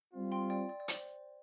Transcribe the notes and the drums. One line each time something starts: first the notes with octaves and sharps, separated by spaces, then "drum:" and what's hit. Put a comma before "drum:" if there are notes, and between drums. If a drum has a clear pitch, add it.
G3 C4 F4
G5 C6
D5 G5
D5
D5
C5, drum: hi-hat